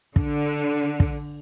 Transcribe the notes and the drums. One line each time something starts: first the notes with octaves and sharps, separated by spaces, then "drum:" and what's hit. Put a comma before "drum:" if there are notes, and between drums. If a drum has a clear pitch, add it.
D3, drum: kick
drum: kick